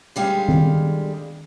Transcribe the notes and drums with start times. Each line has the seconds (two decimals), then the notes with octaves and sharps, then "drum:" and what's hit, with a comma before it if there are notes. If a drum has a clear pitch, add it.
0.16 D3 G3 G#3 F5
0.48 drum: tom D#3